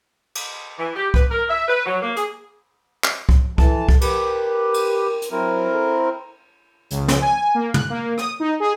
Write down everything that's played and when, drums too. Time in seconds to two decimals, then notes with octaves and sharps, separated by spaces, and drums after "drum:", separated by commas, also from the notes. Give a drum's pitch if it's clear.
0.35 drum: cymbal
0.78 E3
0.95 G4
1.14 B4, drum: kick
1.30 A#4
1.49 E5
1.68 B4
1.86 F#3
2.01 A#3
2.16 G#4, drum: hi-hat
3.04 drum: clap
3.29 drum: kick
3.58 E3 A4 A5, drum: kick
3.89 drum: kick
4.01 G4 A#4 B4, drum: cymbal
4.74 drum: cymbal
5.22 drum: hi-hat
5.31 F#3 C4 E4 A#4
5.71 A4
6.91 C#2, drum: hi-hat
7.08 drum: snare
7.22 G#5
7.55 A#3
7.74 F#6, drum: tom
7.90 A#3
8.18 D#6, drum: rim click
8.40 D#4
8.60 G#4